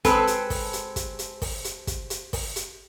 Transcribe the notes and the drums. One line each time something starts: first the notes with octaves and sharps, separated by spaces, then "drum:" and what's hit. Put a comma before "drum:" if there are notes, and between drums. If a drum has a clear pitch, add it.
G#3 C4 A4 B4, drum: kick, hi-hat
drum: hi-hat
drum: kick, open hi-hat
drum: hi-hat
drum: kick, hi-hat
drum: hi-hat
drum: kick, open hi-hat
drum: hi-hat
drum: kick, hi-hat
drum: hi-hat
drum: kick, open hi-hat
drum: hi-hat